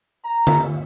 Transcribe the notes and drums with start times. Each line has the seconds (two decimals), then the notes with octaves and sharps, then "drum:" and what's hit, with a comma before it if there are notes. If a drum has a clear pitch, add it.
0.25 A#5
0.47 drum: tom D3